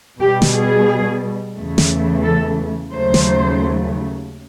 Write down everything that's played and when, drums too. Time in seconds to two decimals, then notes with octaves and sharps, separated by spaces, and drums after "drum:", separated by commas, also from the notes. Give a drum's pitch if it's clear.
0.19 B2 G3 G4
0.42 drum: snare
0.53 G#4
1.55 E2 C#3 E3 A3
1.78 drum: snare
2.23 A4
2.91 D#2 C#3 F#3 A3 C5
3.14 drum: snare